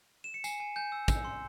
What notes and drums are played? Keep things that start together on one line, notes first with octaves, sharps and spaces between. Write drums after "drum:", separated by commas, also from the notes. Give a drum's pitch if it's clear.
E7
C#7
G#5 C7, drum: tambourine
G#5
G#5 G6
E6
E6, drum: kick, tambourine
C6